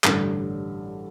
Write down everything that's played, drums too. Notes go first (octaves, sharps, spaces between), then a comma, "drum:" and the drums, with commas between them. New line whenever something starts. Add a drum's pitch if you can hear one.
A1 G2 D3, drum: clap